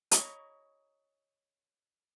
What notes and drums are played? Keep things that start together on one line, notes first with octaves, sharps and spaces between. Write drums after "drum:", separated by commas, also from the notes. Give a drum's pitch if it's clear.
C#5 D#5 A#5 B5 C#6 D6, drum: hi-hat